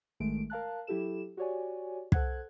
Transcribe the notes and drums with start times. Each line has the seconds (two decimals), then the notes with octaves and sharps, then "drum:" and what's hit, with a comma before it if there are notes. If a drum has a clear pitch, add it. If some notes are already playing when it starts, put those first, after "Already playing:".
0.20 A1 D#3 G#3 A3 D7
0.50 A#4 F5 A5 F#6
0.87 F#3 E4 G4 A4 E7
1.37 F#4 G4 C#5 D5 G#5
2.12 A4 C5 F#5 F#6 G#6, drum: kick